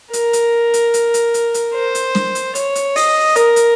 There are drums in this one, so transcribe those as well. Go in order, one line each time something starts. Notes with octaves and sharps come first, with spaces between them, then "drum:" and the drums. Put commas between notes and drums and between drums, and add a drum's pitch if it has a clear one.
A#4, drum: hi-hat
drum: hi-hat
drum: hi-hat
drum: hi-hat
drum: hi-hat
drum: hi-hat
drum: hi-hat
C5
drum: hi-hat
drum: snare
drum: hi-hat
C#5, drum: hi-hat
drum: hi-hat
D#5, drum: open hi-hat
A#4, drum: hi-hat
drum: hi-hat